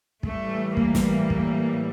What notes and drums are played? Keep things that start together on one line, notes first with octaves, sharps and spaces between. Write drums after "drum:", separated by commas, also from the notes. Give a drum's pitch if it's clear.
A2 E3 G3 A3, drum: kick
A#3, drum: kick
drum: snare
drum: kick